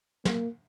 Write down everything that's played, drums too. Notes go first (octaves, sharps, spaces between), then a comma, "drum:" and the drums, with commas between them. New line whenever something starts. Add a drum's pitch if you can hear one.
A#3, drum: snare